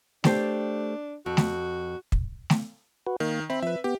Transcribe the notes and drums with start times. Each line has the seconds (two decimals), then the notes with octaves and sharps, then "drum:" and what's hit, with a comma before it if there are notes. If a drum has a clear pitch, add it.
0.24 A3 D4 G4 C5, drum: snare A3
1.26 F2 F#4
1.37 drum: snare A3
2.12 drum: kick
2.50 drum: snare A3
3.07 F#4 B4
3.20 D#3 A#3
3.50 C4 E5 B5
3.63 F3 B4 E5
3.84 B3 G4